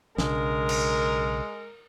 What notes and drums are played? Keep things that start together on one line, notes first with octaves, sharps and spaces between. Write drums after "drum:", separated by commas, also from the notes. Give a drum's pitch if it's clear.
B1 C#3 G#3 D4 A#4, drum: snare
drum: cymbal